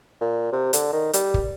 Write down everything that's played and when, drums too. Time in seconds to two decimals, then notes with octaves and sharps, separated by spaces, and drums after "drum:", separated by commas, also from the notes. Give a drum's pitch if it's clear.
0.21 A#2
0.52 C3
0.73 D3, drum: hi-hat
0.93 D#3
1.13 G3, drum: hi-hat
1.34 drum: kick